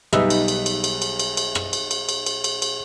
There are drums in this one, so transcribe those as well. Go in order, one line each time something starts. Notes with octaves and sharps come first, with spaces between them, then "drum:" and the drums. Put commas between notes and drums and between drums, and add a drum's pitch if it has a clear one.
B1 G3 D#4 B4 E5 E6, drum: rim click
drum: cymbal
drum: cymbal
drum: cymbal
drum: cymbal
drum: cymbal
drum: cymbal
drum: cymbal
drum: rim click
drum: cymbal
drum: cymbal
drum: cymbal
drum: cymbal
drum: cymbal
drum: cymbal